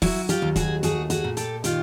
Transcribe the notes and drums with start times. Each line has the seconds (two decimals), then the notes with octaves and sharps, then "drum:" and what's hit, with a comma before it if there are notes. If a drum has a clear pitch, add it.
0.02 F#3 E4 F#4, drum: kick, open hi-hat
0.29 F4 G4, drum: hi-hat
0.42 D#2
0.56 F#4 G#4, drum: kick, hi-hat
0.83 A3 F#4 G#4, drum: hi-hat
1.10 F#4 G#4, drum: hi-hat
1.24 A#2
1.37 G4 A4, drum: hi-hat
1.64 D#3 F4 G4, drum: hi-hat